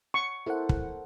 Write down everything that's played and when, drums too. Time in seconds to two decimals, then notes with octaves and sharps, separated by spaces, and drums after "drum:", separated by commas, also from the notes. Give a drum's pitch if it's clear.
0.14 C#6
0.46 E4 A4 A#4 C5 F#5
0.69 drum: kick